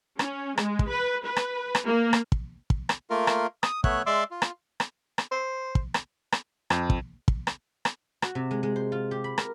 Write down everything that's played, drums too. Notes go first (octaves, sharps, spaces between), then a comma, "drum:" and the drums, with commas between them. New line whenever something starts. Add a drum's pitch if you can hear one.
C#4, drum: rim click
G#3, drum: rim click
drum: kick
B4
B4
drum: rim click
drum: rim click
A#3
drum: rim click
drum: kick
drum: kick
drum: rim click
A3 A#3 F4 A#4
drum: rim click
D#6, drum: rim click
A3 B3 C#5 E5 F#6, drum: kick
G#3 D5 E5 C6 D6 E6
F4
drum: rim click
drum: rim click
drum: rim click
C5
drum: kick
drum: rim click
drum: rim click
F2, drum: rim click
drum: kick
drum: kick
drum: rim click
drum: rim click
F#4, drum: rim click
C3
G#3
G#3
C5
F4
G4
B5
A#4, drum: rim click